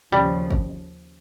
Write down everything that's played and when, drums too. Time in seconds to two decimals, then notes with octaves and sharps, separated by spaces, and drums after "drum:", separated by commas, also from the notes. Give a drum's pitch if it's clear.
0.12 D#2 C#3 F3 G3, drum: tom
0.51 drum: kick G1